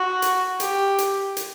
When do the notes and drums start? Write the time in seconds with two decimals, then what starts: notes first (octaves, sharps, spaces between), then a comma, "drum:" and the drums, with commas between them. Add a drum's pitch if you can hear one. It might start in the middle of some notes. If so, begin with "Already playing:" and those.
Already playing: F#4
0.22 drum: hi-hat
0.60 G4, drum: hi-hat
0.98 drum: hi-hat
1.37 drum: hi-hat